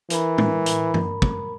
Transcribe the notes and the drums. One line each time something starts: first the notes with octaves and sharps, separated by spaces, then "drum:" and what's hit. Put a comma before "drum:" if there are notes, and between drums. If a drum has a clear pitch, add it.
E3 A#4 A#5 B5, drum: hi-hat
drum: tom
drum: hi-hat
drum: tom G2
drum: kick